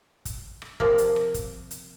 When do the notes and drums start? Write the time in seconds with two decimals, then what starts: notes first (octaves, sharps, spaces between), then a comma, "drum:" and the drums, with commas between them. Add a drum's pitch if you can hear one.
0.25 drum: kick, hi-hat
0.62 drum: rim click
0.80 C3 F3 A#3, drum: kick
0.98 drum: hi-hat
1.16 drum: rim click
1.34 drum: kick, hi-hat
1.71 drum: hi-hat